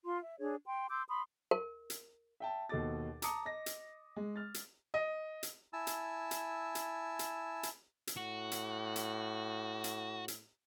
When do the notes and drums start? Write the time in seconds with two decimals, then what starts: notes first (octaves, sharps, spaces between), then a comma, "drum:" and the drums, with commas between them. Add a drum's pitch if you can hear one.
0.05 F4 C6
0.21 E5
0.40 D4 G#4 C#5
0.65 G5 C6
0.90 C6 D6 E6 G6
1.09 B5 C6 D#6
1.51 A#4
1.90 drum: hi-hat
2.40 E5 G5 A5
2.69 D#2 B2 A4 D#5 D6 A6
3.22 A5 A#5 D6 D#6 C#7, drum: hi-hat
3.45 D#5 A#6
3.66 drum: hi-hat
4.16 G#3
4.36 F6 A6
4.54 drum: hi-hat
4.94 D#5
5.43 drum: hi-hat
5.73 E4 G#5 A5 E6
5.87 drum: hi-hat
6.31 drum: hi-hat
6.75 drum: hi-hat
7.19 drum: hi-hat
7.63 drum: hi-hat
8.07 drum: hi-hat
8.16 A2 F#4
8.52 drum: hi-hat
8.96 drum: hi-hat
9.84 drum: hi-hat
10.28 drum: hi-hat